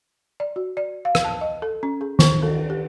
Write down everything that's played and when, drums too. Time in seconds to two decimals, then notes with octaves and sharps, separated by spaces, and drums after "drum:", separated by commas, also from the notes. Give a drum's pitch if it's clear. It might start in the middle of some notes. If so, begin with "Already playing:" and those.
0.40 D5
0.56 F#4
0.77 D5
1.05 F5
1.15 drum: rim click
1.24 A5
1.41 D#5
1.62 A4
1.83 C#4
2.01 G#4
2.19 D#3, drum: snare
2.43 A4, drum: cymbal
2.70 G4